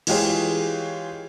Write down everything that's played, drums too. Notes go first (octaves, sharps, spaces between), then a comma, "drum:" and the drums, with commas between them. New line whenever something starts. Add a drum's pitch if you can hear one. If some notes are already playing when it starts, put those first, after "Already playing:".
E3 G#3 F4 G4 G#4 C#5, drum: cymbal